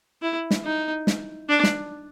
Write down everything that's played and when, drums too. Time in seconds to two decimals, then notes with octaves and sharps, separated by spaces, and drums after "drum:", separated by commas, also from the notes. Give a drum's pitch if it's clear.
0.22 E4
0.51 drum: snare
0.65 D#4
1.07 drum: snare
1.49 D4
1.64 drum: snare